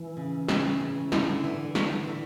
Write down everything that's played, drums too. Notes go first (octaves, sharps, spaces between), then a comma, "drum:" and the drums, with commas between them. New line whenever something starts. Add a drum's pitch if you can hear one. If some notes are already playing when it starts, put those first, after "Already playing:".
Already playing: E3
C#3
C#3, drum: snare
C#3
D3 E4, drum: snare
E3
E3, drum: snare
E3